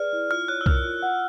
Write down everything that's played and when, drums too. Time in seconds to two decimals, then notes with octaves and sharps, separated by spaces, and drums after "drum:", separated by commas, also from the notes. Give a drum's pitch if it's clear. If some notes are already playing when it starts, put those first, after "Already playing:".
Already playing: G#4 B4 D5 F6
0.13 E4
0.30 F4 F6
0.48 C#5 F#6
0.61 E6
0.66 A#4 F6, drum: kick C2
0.85 F4
1.02 F#5